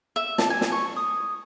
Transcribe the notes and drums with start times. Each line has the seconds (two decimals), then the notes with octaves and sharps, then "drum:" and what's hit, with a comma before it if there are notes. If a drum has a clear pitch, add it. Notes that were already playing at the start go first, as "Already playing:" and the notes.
0.16 E5
0.38 A5, drum: snare
0.50 G#5
0.61 drum: snare
0.72 C#6
0.96 D#6